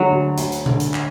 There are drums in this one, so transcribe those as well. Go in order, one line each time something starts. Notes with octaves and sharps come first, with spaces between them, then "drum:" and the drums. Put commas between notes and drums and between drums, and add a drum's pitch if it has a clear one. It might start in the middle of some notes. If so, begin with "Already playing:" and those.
Already playing: D3 F#3 G#3
D2
D2, drum: hi-hat
drum: hi-hat
D3, drum: tom A#2
drum: hi-hat
drum: clap